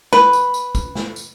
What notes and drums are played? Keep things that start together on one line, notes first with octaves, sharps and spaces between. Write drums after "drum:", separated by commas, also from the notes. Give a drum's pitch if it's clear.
B4, drum: snare
drum: tambourine
drum: tambourine
drum: kick, tambourine
drum: snare
drum: tambourine